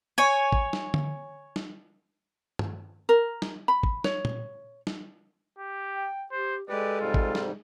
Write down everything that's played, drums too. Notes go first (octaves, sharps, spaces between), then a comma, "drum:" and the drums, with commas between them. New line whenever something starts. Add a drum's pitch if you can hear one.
C#5 G#5
drum: kick G#1
drum: snare
drum: tom D3
drum: snare
drum: tom G2
A#4
drum: snare
B5
drum: kick G#1
C#5, drum: snare
drum: tom A#2
drum: snare
G4
G5
G4 C5
G#3 G4 A4 B4 D5
G#2 C3 G3 F4
drum: kick G#1
drum: snare